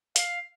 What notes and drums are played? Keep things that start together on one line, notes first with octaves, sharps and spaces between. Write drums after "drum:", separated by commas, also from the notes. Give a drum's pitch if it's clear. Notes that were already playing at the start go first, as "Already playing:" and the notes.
F5, drum: hi-hat